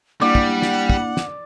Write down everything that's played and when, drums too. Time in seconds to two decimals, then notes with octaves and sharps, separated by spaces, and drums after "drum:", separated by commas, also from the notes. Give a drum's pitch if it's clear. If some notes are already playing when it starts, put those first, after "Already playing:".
0.21 G3 A#3 D4 E4 D5 F#5
0.35 drum: kick
0.62 drum: snare
0.90 drum: kick
1.17 drum: snare